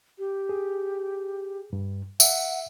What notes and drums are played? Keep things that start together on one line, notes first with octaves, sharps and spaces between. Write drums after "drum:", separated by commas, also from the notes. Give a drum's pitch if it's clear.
G4
G#4
G2
E5 F#5, drum: tambourine